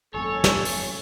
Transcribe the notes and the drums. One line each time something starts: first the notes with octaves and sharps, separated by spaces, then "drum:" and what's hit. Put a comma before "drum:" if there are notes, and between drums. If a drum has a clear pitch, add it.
G#1 F#2 A#3 A4 C#5 G#5
drum: snare
drum: open hi-hat